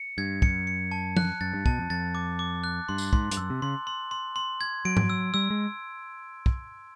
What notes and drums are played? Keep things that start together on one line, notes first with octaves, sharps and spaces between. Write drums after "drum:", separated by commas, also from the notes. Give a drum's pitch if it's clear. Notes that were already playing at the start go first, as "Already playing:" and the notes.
Already playing: C#7
G2 G#6
F#2 C#7, drum: kick
C#7
A5
F#6, drum: tom
F#2 A6
G2
B2 A5, drum: kick
F2
F2 A6
D6
D6
F#6
G2 C6
drum: tambourine
G#2 C6, drum: kick
G2, drum: hi-hat
F#2 E6
C3
C#3 C6
C6
C6
C6
G#6
F#3 D7
drum: tom G#2
E6
G3 E6
G#3
drum: kick